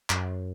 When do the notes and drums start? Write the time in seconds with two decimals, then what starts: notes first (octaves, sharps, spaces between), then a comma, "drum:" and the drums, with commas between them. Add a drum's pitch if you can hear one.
0.10 F#2, drum: clap